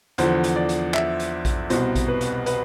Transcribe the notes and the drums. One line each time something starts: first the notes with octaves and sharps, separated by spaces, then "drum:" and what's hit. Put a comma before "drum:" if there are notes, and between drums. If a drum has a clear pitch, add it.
E2 D3 F3 C5, drum: hi-hat
drum: hi-hat
D5
drum: hi-hat
E5, drum: clap
drum: hi-hat
drum: kick A#1, hi-hat
C2 B2 C5, drum: hi-hat
drum: kick A#1, hi-hat
B4
drum: hi-hat
B4, drum: hi-hat